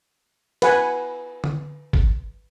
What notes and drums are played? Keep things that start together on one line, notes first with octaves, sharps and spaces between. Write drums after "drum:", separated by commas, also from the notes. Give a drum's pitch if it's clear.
B4 F#5 G#5, drum: cymbal
drum: tom D3
drum: kick